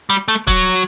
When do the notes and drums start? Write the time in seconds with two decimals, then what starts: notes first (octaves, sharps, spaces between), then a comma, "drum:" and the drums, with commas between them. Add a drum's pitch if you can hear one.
0.10 G3
0.28 A3
0.47 F#3, drum: kick